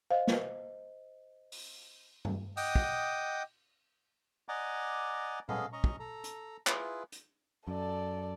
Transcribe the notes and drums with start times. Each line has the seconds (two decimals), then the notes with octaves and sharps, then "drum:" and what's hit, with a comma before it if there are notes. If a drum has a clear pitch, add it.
0.11 C5 D#5 F5
0.27 drum: snare
1.52 drum: open hi-hat
2.25 drum: tom G2
2.57 D#5 F#5 G5 D6 D#6, drum: open hi-hat
2.75 drum: kick
4.49 D5 D#5 F#5 G#5 A#5 D6
5.49 B3 C#4 G#4 A4 D#5 F5, drum: tom A#2
5.73 C#4 D#5 A#5 C#6
5.84 drum: kick
6.00 A4 A#5
6.24 drum: hi-hat
6.67 E4 F4 G#4 B4, drum: clap
7.12 drum: hi-hat
7.67 F#2 A4 D5